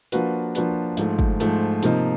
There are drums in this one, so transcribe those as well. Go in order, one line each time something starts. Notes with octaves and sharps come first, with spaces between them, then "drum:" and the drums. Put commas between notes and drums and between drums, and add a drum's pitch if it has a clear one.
F3 A#3 D4 F#4 B4, drum: hi-hat
F3 A#3 D4 F#4 B4, drum: hi-hat
G#2 F3 A3, drum: hi-hat
drum: kick
G#2 F3 A3, drum: hi-hat
C3 F3 A#3 D#4, drum: hi-hat